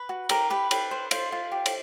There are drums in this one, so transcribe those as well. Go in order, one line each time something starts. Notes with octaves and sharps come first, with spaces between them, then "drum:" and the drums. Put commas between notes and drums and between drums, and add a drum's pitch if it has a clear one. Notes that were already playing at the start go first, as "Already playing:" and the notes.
Already playing: B4 B5
F#4
G4 A#4 A#5, drum: cymbal
G4 B4 B5
G4, drum: cymbal
C5
F4 C5 C6, drum: cymbal
F4
G4
drum: cymbal